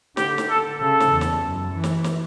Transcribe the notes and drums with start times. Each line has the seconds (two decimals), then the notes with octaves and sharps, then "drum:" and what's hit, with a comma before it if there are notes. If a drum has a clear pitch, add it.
0.17 D3 G4, drum: snare
0.38 drum: snare
0.49 A4
0.80 C#3 A4
1.00 drum: snare
1.11 E2
1.21 drum: snare
1.42 F#2
1.73 E3
1.84 drum: snare
2.04 drum: snare